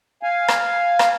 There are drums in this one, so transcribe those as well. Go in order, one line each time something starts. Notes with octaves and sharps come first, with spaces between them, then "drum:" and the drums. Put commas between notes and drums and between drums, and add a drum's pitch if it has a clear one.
F5 G#5
drum: rim click
drum: rim click